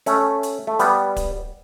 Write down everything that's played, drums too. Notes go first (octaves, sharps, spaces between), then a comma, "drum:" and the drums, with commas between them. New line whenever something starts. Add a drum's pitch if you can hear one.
A3 C#4, drum: hi-hat
drum: hi-hat
A3
G3 B3, drum: hi-hat
drum: kick D1, hi-hat